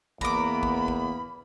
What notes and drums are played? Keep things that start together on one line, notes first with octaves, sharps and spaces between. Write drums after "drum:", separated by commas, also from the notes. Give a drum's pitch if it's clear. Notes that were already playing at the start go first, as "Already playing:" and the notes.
E2 A#3 B3 A#5 B5 D6, drum: kick
drum: kick
drum: kick